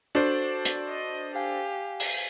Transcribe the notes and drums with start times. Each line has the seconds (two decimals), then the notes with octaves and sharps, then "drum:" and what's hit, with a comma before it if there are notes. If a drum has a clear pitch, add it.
0.15 D4 F#4 A4 C5
0.65 drum: hi-hat
0.90 D#5
1.35 G4 F5 G#5
2.00 drum: open hi-hat